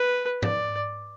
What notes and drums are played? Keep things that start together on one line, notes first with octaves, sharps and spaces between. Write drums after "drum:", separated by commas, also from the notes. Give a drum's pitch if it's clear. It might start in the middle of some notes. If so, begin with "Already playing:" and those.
Already playing: B4
D5, drum: tom G#2